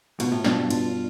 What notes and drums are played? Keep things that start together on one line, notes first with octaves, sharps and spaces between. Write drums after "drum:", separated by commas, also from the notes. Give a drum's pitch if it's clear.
B2 F4, drum: cymbal
A2
G2 B2 D4, drum: snare
F4, drum: cymbal